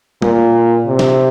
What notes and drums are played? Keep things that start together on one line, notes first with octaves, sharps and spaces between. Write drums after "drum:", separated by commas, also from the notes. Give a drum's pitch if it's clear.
A#2, drum: tom
C3
drum: snare